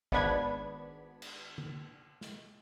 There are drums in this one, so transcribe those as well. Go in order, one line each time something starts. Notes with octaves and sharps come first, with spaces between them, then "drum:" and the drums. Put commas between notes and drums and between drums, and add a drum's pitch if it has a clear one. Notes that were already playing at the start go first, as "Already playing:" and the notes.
G#1 B3 D4 B5 G#6, drum: kick
drum: cymbal
drum: tom D3
drum: snare